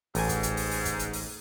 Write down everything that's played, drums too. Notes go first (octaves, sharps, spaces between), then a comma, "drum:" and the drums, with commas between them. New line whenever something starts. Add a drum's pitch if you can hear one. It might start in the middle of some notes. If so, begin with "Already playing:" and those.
A1 G#2 G#5, drum: open hi-hat
drum: kick, hi-hat
drum: hi-hat
drum: open hi-hat
drum: open hi-hat
drum: kick, hi-hat
drum: hi-hat
drum: open hi-hat